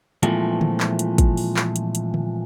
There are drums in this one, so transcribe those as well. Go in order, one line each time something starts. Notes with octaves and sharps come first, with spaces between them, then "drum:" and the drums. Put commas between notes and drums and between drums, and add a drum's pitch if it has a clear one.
A#2 E3 F3 G#3 A3 C4, drum: hi-hat
drum: tom
drum: clap
drum: hi-hat
drum: kick, hi-hat
drum: open hi-hat
drum: clap
drum: hi-hat
drum: hi-hat
drum: tom D3